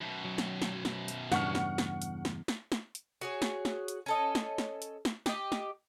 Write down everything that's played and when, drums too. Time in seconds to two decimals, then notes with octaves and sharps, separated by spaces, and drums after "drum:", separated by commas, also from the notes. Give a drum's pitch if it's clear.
0.02 F#2 B2
0.25 F#3
0.38 drum: snare
0.62 drum: snare
0.85 drum: snare
1.08 drum: hi-hat
1.32 E2 G2 C#3 F#5 C#6 F6, drum: snare
1.55 drum: snare
1.78 drum: snare
2.02 drum: hi-hat
2.25 drum: snare
2.48 drum: snare
2.72 drum: snare
2.95 drum: hi-hat
3.21 F#4 G#4 C#5
3.42 drum: snare
3.65 drum: snare
3.88 drum: hi-hat
4.06 C#4 A4 D#5
4.35 drum: snare
4.58 drum: snare
4.82 drum: hi-hat
5.05 drum: snare
5.26 G4 D#5, drum: snare
5.52 drum: snare